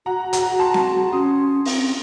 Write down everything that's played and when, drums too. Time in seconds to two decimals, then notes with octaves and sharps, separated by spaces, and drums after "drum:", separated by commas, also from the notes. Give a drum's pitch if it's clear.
0.06 F#4 F#5 A#5
0.33 F#5 A#5, drum: hi-hat
0.59 F#4 A5 C6
0.74 drum: snare C4
1.12 C#4 C6 D#6
1.65 C4, drum: open hi-hat